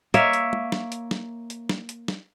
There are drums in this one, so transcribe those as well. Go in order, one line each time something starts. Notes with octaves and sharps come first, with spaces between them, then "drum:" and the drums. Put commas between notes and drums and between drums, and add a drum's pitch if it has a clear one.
A#3 C#5 E5, drum: hi-hat
drum: hi-hat
drum: tom
drum: snare
drum: hi-hat
drum: snare
drum: hi-hat
drum: snare
drum: hi-hat
drum: snare